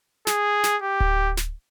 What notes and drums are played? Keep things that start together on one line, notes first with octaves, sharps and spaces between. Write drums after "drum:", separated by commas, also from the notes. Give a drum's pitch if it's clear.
G#4, drum: snare
drum: snare
G4
drum: kick D1
drum: snare